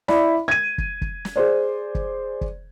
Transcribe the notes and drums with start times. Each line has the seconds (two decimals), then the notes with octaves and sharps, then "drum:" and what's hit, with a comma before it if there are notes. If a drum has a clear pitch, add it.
0.08 E4 D5 E5 B5, drum: snare
0.48 G#6 D#7
0.78 drum: kick
1.02 drum: kick
1.25 drum: snare
1.36 G#4 C5 D5
1.95 drum: kick
2.41 drum: kick